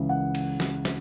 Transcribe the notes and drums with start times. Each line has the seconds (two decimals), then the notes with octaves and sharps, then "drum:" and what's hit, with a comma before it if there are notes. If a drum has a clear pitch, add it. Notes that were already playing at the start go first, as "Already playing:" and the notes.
Already playing: C#2 C#3 E3
0.09 F#5
0.35 drum: cymbal
0.60 drum: snare
0.85 drum: snare